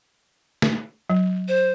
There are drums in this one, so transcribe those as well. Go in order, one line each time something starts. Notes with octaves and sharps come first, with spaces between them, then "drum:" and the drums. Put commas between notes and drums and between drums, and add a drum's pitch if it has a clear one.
drum: snare
F#3
C5